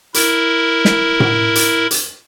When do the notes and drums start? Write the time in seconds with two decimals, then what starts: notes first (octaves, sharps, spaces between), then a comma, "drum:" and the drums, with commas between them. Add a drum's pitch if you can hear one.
0.14 E4 A#4, drum: hi-hat
0.85 drum: snare
1.20 drum: tom A2
1.55 drum: hi-hat
1.91 drum: hi-hat